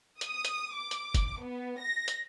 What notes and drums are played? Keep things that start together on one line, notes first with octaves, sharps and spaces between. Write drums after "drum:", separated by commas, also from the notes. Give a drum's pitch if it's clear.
D#6, drum: hi-hat
drum: hi-hat
D6
drum: hi-hat
drum: kick, hi-hat
B3
A#6
drum: hi-hat